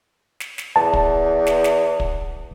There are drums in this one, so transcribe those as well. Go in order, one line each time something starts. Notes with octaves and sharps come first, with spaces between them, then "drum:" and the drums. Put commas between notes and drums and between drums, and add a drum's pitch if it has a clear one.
drum: snare
drum: snare
E2 A5
drum: kick
drum: snare
drum: snare
drum: kick